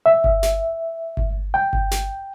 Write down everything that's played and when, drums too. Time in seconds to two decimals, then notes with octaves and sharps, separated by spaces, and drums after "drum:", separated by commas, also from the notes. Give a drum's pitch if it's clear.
0.06 E5
0.24 drum: kick G1
0.43 drum: snare
1.17 drum: kick G1
1.54 G5
1.73 drum: kick G1
1.91 drum: snare